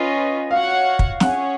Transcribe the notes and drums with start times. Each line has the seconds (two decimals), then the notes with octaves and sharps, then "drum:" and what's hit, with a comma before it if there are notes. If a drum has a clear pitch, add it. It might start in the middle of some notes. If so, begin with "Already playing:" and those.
Already playing: C#4 F4 B4 D#5
0.51 F#4 C#5 F5 F#5
0.99 drum: kick
1.20 C#4 G#4 C#5 F#5, drum: snare